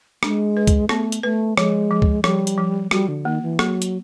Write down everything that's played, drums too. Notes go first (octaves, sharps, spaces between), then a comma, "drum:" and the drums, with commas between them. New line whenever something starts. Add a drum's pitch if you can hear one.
G#3 D4, drum: rim click
B4
drum: kick, hi-hat
A3 B3, drum: rim click
drum: hi-hat
A3 B4
F3 G#3, drum: rim click
F3
drum: kick
F3 G3, drum: rim click
drum: hi-hat
F3
G3 F#4, drum: rim click
D3
D#3 A#3
E3
F#3 A#3, drum: rim click
drum: hi-hat